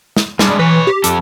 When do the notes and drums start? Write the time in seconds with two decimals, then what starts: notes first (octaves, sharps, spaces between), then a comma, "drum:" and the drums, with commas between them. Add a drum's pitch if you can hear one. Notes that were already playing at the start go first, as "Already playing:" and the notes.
0.17 drum: snare
0.39 G3 G#3 D4, drum: snare
0.59 E3 B4 C#5
0.87 G4
1.04 F2 A4, drum: hi-hat